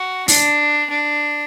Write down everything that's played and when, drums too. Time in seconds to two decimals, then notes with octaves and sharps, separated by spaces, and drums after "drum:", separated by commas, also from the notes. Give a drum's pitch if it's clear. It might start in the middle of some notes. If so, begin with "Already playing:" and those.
Already playing: F#4
0.28 D4, drum: open hi-hat
0.90 D4